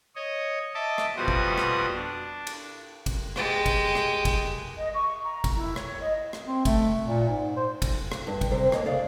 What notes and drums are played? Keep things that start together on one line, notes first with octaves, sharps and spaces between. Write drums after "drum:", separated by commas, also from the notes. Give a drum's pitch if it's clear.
C#5 D#5
D#5 E5 A5 D6
drum: rim click
F2 B2 G3 F#4 C5 D#6
drum: kick
drum: rim click
D4
drum: cymbal
drum: kick, cymbal
G#3 G4, drum: rim click
drum: kick, cymbal
drum: rim click
drum: kick, cymbal
D#5
C#6
A#5
drum: kick, cymbal
E4
C#5, drum: rim click
D#5
drum: rim click
C4
A3, drum: kick, cymbal
A#2
G#2
C5
drum: kick, cymbal
drum: rim click
G2
drum: kick, cymbal
C3 C5
D#2 A#3 C#5 D#5, drum: rim click
C#3 D5 F5